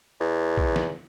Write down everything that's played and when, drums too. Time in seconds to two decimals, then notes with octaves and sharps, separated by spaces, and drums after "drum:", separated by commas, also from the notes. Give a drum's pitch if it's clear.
0.20 E2
0.57 drum: kick
0.76 drum: snare